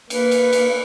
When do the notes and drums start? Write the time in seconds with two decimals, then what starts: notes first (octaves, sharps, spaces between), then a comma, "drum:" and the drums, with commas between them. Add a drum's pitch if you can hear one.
0.10 A#3 B4, drum: cymbal
0.31 drum: cymbal
0.53 drum: cymbal